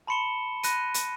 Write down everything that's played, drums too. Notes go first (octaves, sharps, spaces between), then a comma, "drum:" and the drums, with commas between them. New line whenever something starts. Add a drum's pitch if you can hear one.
A5 B5 C6 C#7 E7 G7
B5 F#6 A#6 D#7, drum: hi-hat
drum: hi-hat